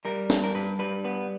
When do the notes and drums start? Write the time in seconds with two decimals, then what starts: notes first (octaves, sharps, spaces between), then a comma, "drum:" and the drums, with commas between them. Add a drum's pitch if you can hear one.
0.05 G3 A#4
0.30 G2, drum: snare
0.44 A#4
0.55 G2 B4
0.79 G3 B4
1.04 B3 B4